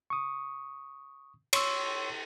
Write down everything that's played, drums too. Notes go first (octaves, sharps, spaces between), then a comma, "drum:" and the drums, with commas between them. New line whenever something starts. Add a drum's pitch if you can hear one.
C#6 D#6
C#5 C6 C#6 E6, drum: cymbal